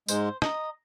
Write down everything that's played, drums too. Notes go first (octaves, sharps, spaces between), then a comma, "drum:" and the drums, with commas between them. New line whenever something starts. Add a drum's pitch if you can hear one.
G#2 G#3 C5, drum: tambourine
D#5 A#5, drum: rim click